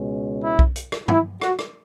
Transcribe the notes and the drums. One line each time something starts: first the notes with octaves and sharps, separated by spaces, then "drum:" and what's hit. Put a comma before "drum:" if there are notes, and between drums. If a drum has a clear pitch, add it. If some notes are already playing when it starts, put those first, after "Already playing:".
Already playing: C#2 B2 G#3 C#4
E4
drum: kick B1
drum: hi-hat
drum: rim click
E4, drum: tom
F#4, drum: rim click
drum: rim click